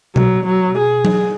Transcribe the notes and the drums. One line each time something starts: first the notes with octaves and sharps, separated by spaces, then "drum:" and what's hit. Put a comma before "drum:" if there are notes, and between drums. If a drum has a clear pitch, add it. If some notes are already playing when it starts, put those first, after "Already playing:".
F#3, drum: tom B2
F#3
G#4
drum: tom F#3